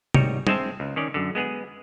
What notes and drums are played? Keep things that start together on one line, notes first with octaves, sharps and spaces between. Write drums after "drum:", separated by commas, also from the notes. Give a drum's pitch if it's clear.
G#1 G3 D#4 C#5, drum: tom C3
G#3 C4 C5 E5 A5, drum: tom
C#2
D#3 C#4 D5
F#2 D3
G#3 B3 G#4